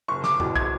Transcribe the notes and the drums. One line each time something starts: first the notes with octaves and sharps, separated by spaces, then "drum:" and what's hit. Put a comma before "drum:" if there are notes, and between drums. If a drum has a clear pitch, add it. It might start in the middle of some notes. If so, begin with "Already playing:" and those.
F#1 C#6
D6, drum: snare
E2 B2, drum: tom E2
G#6, drum: kick